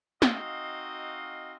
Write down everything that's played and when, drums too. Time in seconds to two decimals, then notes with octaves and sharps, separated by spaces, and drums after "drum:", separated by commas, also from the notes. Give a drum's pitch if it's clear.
0.22 C4 D#4 F#4 D#5 F5, drum: snare